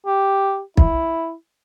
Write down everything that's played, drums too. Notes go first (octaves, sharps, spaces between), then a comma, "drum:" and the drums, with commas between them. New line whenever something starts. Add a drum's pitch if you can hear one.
G4
E4, drum: kick